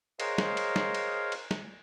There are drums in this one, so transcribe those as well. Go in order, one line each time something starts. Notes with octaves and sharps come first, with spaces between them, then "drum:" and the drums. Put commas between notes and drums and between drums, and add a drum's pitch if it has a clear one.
G#4 A#4 C5 C#5 D#5 F5, drum: cymbal
drum: snare
drum: cymbal
drum: snare
drum: cymbal
drum: cymbal
drum: snare